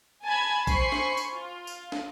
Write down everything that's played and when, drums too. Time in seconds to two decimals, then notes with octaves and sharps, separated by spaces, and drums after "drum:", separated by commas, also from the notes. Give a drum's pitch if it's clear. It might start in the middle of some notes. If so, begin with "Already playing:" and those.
0.24 G#5 A5 B5 G#6
0.67 C5 G#5 B5 C#6 C7, drum: kick, tambourine
0.92 drum: snare
1.17 drum: tambourine
1.34 F4
1.67 drum: tambourine
1.92 drum: snare